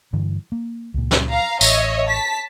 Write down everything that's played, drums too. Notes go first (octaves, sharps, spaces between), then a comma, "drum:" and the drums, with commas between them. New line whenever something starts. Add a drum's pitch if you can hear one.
G2 D3 E3
A#3
C#2 A#2
drum: snare
F5 A#5
A1 C#5 D#5 E5, drum: tambourine
A5 B6